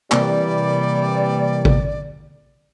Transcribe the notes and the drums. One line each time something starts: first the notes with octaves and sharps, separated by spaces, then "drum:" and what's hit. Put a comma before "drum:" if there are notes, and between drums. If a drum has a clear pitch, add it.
C3 E3 G3 A#3 D5, drum: clap
drum: kick G#1